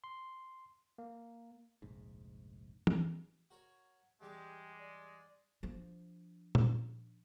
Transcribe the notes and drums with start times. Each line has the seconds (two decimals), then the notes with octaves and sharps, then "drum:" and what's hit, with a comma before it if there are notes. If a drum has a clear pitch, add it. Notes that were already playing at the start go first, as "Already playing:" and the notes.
0.04 C6
0.98 A#3
1.82 F1 A#1 G#2
2.87 drum: tom
3.51 F#4 A#4 C#5
4.21 E2 G3 G#3 G4 A5
4.80 D5
5.63 F3 D4
6.55 drum: tom A#2